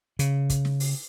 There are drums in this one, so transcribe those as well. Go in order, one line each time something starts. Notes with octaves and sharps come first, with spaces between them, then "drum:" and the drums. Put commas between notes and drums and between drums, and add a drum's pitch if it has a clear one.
C#3, drum: hi-hat
drum: kick, hi-hat
drum: snare
drum: open hi-hat